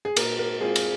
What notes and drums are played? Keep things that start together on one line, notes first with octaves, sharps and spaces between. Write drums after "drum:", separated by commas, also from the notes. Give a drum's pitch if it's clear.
G#4
A#2 A#4, drum: cymbal
A#4
G#3 C4 F4 G#4
drum: cymbal